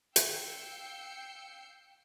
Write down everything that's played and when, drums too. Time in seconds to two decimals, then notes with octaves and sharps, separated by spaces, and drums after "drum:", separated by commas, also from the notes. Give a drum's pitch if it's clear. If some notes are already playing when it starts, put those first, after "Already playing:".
0.16 F5 G5 E6 G6 C7 C#7, drum: hi-hat